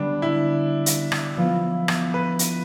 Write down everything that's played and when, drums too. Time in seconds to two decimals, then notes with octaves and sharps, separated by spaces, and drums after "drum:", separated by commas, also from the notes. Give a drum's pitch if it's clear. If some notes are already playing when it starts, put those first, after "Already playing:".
Already playing: D3 G3 B3 D4
0.22 E4
0.86 drum: hi-hat
1.12 drum: rim click
1.37 F3 B3 F4
1.88 drum: rim click
2.14 B4
2.39 drum: hi-hat